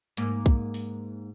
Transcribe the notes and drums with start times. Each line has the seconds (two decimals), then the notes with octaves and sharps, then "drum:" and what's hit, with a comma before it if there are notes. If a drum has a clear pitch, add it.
0.17 G#2 A#3, drum: hi-hat
0.46 drum: kick B1
0.74 drum: open hi-hat